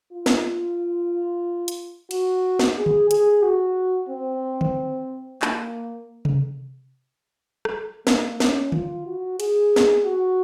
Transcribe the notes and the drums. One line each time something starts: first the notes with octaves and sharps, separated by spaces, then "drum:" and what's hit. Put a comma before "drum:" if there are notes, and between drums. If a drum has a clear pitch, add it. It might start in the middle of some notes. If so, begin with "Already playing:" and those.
F4
drum: snare
drum: hi-hat
F#4, drum: cymbal
drum: snare
G#4
drum: tom D3
G#4, drum: hi-hat
F#4
C4
drum: tom D3
A#3, drum: clap
drum: tom C3
drum: rim click
A#3, drum: snare
C#4, drum: snare
F4, drum: tom D3
F#4
G#4, drum: cymbal
drum: snare
F#4